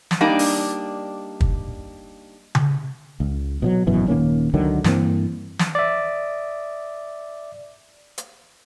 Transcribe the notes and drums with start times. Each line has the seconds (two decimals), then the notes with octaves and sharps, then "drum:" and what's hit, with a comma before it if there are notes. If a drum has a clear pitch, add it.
0.11 drum: snare
0.21 G3 A#3 D4 D#4 D5
0.39 drum: open hi-hat
1.41 drum: kick
2.55 drum: tom C#3
3.20 C#2
3.62 B2 F3 F#3
3.87 G#1 F#2 B2 E3
4.08 D#1 D#3 A#3 C#4
4.54 C#2 D3 D#3 F#3
4.84 G2 E3 A#3 C4, drum: snare
5.59 drum: snare
5.75 D5 E5
8.18 drum: hi-hat